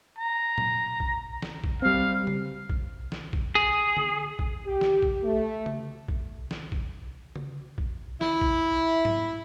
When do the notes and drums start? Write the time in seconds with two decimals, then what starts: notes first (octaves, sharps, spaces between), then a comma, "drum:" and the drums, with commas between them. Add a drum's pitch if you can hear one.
0.19 A#5
0.58 drum: tom A#2
1.00 drum: kick
1.42 drum: snare
1.64 drum: kick
1.82 G3 C4 F5
2.27 drum: tom C#3
2.70 drum: kick
3.12 drum: snare
3.33 drum: kick
3.55 G#4
3.97 drum: tom D3
4.39 drum: kick
4.66 G4
4.81 drum: snare
5.03 drum: kick
5.24 A3
5.66 drum: tom C#3
6.08 drum: kick
6.51 drum: snare
6.72 drum: kick
7.36 drum: tom C#3
7.78 drum: kick
8.21 E4, drum: snare
8.41 drum: kick
9.05 drum: tom G#2